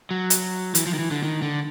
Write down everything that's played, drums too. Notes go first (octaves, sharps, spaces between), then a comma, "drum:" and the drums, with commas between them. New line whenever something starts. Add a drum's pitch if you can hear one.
F#3
drum: hi-hat
E3, drum: hi-hat
F3
D#3
E3
D3
D#3
D3